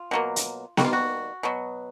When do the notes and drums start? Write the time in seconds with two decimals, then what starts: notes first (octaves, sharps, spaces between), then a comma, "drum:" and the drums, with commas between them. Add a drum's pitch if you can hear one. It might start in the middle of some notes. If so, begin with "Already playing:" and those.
Already playing: F4
0.11 B2 F#3 A#3
0.36 drum: hi-hat
0.77 D#3 G3 A#3 F#4, drum: snare B3
0.85 F4
0.93 F#4
1.43 B2 F#3 B3